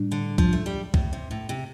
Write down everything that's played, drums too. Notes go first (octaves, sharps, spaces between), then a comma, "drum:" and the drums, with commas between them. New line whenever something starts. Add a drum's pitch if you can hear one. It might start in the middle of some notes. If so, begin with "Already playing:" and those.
Already playing: A2 G3 D4
D3
F3, drum: kick B1
A3
G3
A2, drum: kick B1
C3
A2
C3